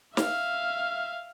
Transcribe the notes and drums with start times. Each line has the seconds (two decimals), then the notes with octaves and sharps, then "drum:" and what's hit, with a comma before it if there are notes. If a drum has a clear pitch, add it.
0.17 E5 F5, drum: snare